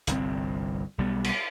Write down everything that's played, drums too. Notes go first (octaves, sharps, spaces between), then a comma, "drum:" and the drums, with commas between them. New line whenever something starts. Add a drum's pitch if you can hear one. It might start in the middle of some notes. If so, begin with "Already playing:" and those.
G1 C2 C3 C4, drum: hi-hat
B1 G3 B3
drum: cymbal